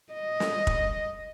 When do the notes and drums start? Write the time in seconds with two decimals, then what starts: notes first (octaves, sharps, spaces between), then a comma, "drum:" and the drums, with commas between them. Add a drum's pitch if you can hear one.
0.13 D#5
0.40 drum: snare
0.67 drum: kick